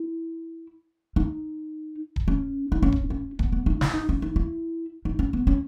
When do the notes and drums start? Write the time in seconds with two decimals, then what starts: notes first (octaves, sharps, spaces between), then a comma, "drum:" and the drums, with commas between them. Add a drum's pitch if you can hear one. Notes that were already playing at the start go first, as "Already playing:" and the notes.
Already playing: E4
1.16 D#4
2.16 drum: kick D#1
2.28 C#4
2.72 D#4
2.82 C#4
2.92 drum: kick D#1
3.10 C#4
3.39 B3, drum: kick D#1
3.52 B3
3.66 D#4
3.81 E4, drum: snare
3.94 D#4
4.09 C#4
4.22 D#4
4.36 E4
5.05 D#4
5.19 C#4
5.33 B3
5.47 C#4